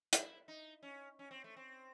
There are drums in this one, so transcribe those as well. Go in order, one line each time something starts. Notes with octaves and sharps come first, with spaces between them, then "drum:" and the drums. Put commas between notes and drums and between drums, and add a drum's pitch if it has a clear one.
E4, drum: hi-hat
D#4
C#4
C#4
C4
A3
C4